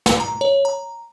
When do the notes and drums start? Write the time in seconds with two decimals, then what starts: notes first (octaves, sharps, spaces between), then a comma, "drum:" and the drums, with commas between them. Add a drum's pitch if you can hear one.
0.06 drum: snare
0.20 A#5
0.41 C#5
0.65 A#5